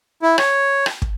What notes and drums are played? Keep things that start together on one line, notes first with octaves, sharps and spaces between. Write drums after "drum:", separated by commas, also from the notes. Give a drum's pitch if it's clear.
E4
C#5, drum: rim click
drum: rim click
drum: kick